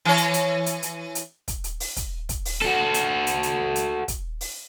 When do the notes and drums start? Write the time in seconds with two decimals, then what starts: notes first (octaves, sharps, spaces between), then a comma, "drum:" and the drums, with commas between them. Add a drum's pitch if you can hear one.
0.05 E3 C#5
0.17 drum: hi-hat
0.34 drum: hi-hat
0.66 drum: hi-hat
0.83 drum: hi-hat
1.15 drum: hi-hat
1.48 drum: kick, hi-hat
1.64 drum: hi-hat
1.80 drum: open hi-hat
1.96 drum: kick, hi-hat
2.29 drum: kick, hi-hat
2.45 drum: open hi-hat
2.62 F#4 A4
2.94 drum: hi-hat
3.27 drum: hi-hat
3.43 drum: hi-hat
3.76 drum: hi-hat
4.08 drum: kick, hi-hat
4.41 drum: open hi-hat